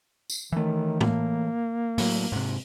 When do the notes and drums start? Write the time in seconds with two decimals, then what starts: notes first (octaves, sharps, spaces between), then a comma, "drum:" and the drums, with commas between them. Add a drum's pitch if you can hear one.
0.30 drum: tambourine
0.52 D#3 E3 A3
1.01 A#3, drum: tom A2
1.98 A2 F#3, drum: open hi-hat
2.32 G#2 C3